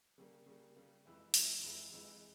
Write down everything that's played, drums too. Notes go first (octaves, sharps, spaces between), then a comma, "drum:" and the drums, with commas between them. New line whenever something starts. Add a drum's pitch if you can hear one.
C#3 G3 A#3
C#3 G3 A#3
C#3 G3 A#3
F2 E3 G#3 E4
F2 E3 G#3 E4, drum: open hi-hat
F2 E3 G#3 E4
F2 E3 G#3 E4